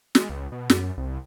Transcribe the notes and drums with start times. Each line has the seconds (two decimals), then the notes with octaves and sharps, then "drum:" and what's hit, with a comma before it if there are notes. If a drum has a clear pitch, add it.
0.15 G#3, drum: snare
0.29 C#2
0.52 B2
0.70 F#2, drum: snare
0.97 C2